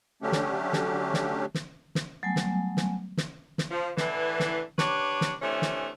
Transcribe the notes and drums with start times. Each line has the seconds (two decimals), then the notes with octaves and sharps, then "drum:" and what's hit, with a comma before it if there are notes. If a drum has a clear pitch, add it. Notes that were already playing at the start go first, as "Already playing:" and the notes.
0.22 D3 F#3 A3 C#4 D4 G4
0.32 drum: snare
0.73 drum: snare
1.14 drum: snare
1.54 drum: snare
1.95 drum: snare
2.23 F#3 G3 A3 B3 G#5
2.36 drum: snare
2.77 drum: snare
3.17 drum: snare
3.58 drum: snare
3.71 F3
3.97 A2 D3 E3, drum: snare
4.40 drum: snare
4.78 D4 G4 B4 C#5, drum: snare
5.21 drum: snare
5.41 C3 E3 A3 C#4 D4
5.62 drum: snare